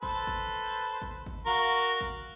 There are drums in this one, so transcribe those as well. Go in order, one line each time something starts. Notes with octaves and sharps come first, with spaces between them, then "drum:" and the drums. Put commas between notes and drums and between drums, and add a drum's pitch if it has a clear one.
A4 B4 C5, drum: kick G#1
drum: kick G#1
drum: kick G#1
drum: kick G#1
F#4 A#4 F5
drum: kick G#1